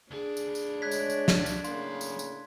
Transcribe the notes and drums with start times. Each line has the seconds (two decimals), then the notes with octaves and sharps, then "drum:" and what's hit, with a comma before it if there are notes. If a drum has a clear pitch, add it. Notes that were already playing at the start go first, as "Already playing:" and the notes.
0.11 D2 D4 G#4
0.37 drum: tambourine
0.55 drum: tambourine
0.82 G#3 C#5 F#6 G#6 B6
0.91 drum: tambourine
1.10 drum: tambourine
1.28 drum: snare
1.46 drum: tambourine
1.64 A2 C#3 F#3 A#3 F5 C6, drum: tambourine
2.01 drum: tambourine
2.19 drum: tambourine